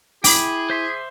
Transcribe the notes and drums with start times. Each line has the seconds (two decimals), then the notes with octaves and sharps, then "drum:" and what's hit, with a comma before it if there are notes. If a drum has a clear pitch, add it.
0.24 E4 G#4 G5 B5 D6, drum: open hi-hat
0.70 C5 E5 C6